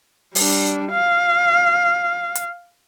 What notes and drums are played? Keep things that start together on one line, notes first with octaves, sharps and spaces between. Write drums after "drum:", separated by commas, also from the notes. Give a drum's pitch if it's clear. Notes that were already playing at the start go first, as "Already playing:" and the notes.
G3 D4, drum: open hi-hat
F5
drum: hi-hat